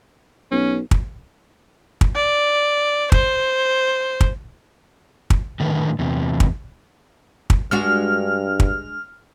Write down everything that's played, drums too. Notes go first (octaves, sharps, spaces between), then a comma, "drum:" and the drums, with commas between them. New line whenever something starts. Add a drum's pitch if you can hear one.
B1 C#4
drum: kick
drum: kick
D5
C5, drum: kick
drum: kick
drum: kick
A2 D3 D#3 B4
E2 C3
drum: kick
drum: kick
G2 G#3 D4 F#4 F6
drum: kick